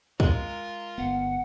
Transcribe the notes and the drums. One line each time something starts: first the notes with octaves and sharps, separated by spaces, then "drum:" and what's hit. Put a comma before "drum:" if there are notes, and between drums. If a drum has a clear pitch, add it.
G#3 F4 A#4, drum: kick
G1 B3 F#5